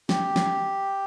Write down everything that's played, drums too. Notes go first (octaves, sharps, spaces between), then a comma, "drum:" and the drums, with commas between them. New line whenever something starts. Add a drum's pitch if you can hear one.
G4, drum: snare
drum: snare